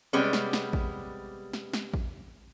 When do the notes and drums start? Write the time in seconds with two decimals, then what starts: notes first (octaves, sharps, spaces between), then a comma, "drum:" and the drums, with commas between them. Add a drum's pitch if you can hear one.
0.13 C3 G3 G#3 B3 C#4
0.33 drum: snare
0.53 drum: snare
0.73 drum: kick A1
1.53 drum: snare
1.73 drum: snare
1.94 drum: kick A1